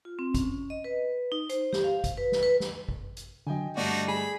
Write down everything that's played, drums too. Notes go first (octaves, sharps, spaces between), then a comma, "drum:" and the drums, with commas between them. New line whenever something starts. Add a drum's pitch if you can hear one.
F4
C4
C#4, drum: kick G#1, hi-hat
D#5
B4
D#4
C5, drum: hi-hat
G4, drum: snare
F5
drum: kick G#1, hi-hat
B4
drum: snare
B4
drum: snare
drum: kick G#1
drum: hi-hat
D3 F#3 D#5 G5 G#5
G2 D3 A3 D4 D#4 F#4 D5
G#4 B5